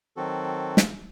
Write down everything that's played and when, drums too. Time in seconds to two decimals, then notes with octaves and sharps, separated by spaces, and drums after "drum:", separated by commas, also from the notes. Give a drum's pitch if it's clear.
0.16 D#3 F#3 C4 F#4 A4
0.77 drum: snare